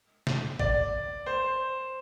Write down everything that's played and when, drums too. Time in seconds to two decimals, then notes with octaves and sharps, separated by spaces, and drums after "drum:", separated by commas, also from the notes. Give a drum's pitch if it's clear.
0.27 drum: snare
0.59 D5, drum: kick
1.26 C5